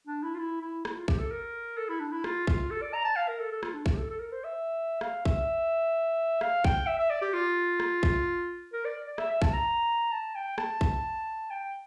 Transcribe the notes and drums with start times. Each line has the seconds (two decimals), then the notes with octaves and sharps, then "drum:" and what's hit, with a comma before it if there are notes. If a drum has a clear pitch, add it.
0.07 D4
0.23 E4
0.35 F4
0.39 E4
0.62 E4
0.85 E4, drum: rim click
0.96 F4
1.08 G4, drum: kick A#1
1.19 A4
1.31 A#4
1.77 A4
1.89 E4
2.00 D4
2.12 E4
2.24 F4, drum: rim click
2.47 F4, drum: kick A#1
2.71 A4
2.81 D5
2.94 A#5
3.04 A5
3.16 F5
3.28 A#4
3.40 A4
3.52 A4
3.63 F4, drum: rim click
3.74 D4
3.86 F4, drum: kick A#1
3.92 G4
3.97 A4
4.10 A4
4.20 A#4
4.32 C5
4.44 E5
5.01 F5, drum: rim click
5.25 E5, drum: kick A#1
6.41 F5, drum: rim click
6.64 G5, drum: kick A#1
6.86 E5
6.99 E5
7.10 D5
7.21 G4
7.33 F4
7.80 drum: rim click
8.03 drum: kick A#1
8.73 A#4
8.85 D5
9.07 D5
9.18 E5, drum: rim click
9.30 E5
9.42 A5, drum: kick A#1
9.53 A#5
10.12 A5
10.35 G5
10.58 A5, drum: rim click
10.81 drum: kick A#1
11.50 G5